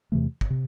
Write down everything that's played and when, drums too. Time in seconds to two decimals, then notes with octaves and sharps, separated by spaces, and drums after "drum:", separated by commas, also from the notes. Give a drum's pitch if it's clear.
0.12 E2 C3 E3 A3
0.41 drum: kick
0.50 C3